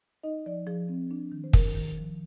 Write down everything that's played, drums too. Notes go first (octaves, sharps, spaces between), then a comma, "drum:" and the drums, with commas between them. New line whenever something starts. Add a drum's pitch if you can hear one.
D#4 D#5
F3 D5
F3 G#4
C4
D4
D#3
C5
D#3 A#4, drum: kick
D#3
F3